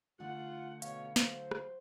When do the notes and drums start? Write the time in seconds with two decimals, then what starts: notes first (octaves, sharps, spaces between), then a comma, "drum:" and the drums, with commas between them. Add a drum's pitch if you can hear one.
0.20 D3 A3 F4 F#5
0.82 B2 C#5 F5, drum: hi-hat
1.16 F#3 C5, drum: snare
1.51 drum: rim click